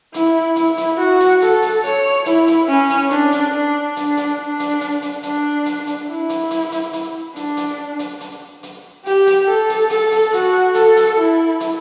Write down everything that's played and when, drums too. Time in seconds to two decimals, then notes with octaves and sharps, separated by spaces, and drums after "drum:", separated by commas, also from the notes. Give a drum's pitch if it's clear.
0.14 E4, drum: hi-hat
0.56 E4, drum: hi-hat
0.77 drum: hi-hat
0.99 F#4
1.20 drum: hi-hat
1.42 A4, drum: hi-hat
1.62 drum: hi-hat
1.84 C#5, drum: hi-hat
2.25 E4, drum: hi-hat
2.47 drum: hi-hat
2.68 C#4
2.90 drum: hi-hat
3.10 D4, drum: hi-hat
3.32 drum: hi-hat
3.53 D4
3.96 D4, drum: hi-hat
4.17 drum: hi-hat
4.38 D4
4.60 drum: hi-hat
4.81 drum: hi-hat
5.02 drum: hi-hat
5.23 D4, drum: hi-hat
5.66 drum: hi-hat
5.87 drum: hi-hat
6.08 E4
6.29 drum: hi-hat
6.51 drum: hi-hat
6.72 drum: hi-hat
6.93 drum: hi-hat
7.36 D4, drum: hi-hat
7.57 drum: hi-hat
7.99 drum: hi-hat
8.21 drum: hi-hat
8.63 drum: hi-hat
9.06 G4, drum: hi-hat
9.27 drum: hi-hat
9.48 A4
9.69 drum: hi-hat
9.90 A4, drum: hi-hat
10.12 drum: hi-hat
10.33 F#4, drum: hi-hat
10.75 A4, drum: hi-hat
10.97 drum: hi-hat
11.18 E4
11.60 drum: hi-hat